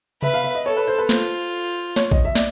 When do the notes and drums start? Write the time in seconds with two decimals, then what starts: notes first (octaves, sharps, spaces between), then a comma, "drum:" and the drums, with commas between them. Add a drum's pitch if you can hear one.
0.22 B4 E5, drum: tom C3
0.34 F5
0.44 E5
0.55 D#5
0.66 A4 C#5
0.77 B4
0.87 C5
0.98 B4
1.09 F4 C5, drum: snare
1.96 C#5, drum: snare
2.11 D#5, drum: kick A#1
2.25 E5
2.35 D5, drum: snare